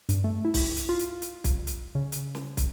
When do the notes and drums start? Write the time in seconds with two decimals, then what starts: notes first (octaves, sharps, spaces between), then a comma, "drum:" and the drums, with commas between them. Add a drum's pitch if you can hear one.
0.09 G2, drum: hi-hat
0.24 A3
0.45 E4
0.54 drum: kick, open hi-hat
0.77 drum: hi-hat
0.89 F4
0.99 drum: hi-hat
1.22 drum: hi-hat
1.44 drum: kick, hi-hat
1.67 drum: hi-hat
1.95 C#3
2.12 drum: hi-hat
2.35 drum: snare
2.57 drum: kick, hi-hat